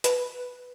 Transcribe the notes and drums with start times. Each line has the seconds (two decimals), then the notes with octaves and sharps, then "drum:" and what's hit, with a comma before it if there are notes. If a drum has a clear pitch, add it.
0.04 B4, drum: hi-hat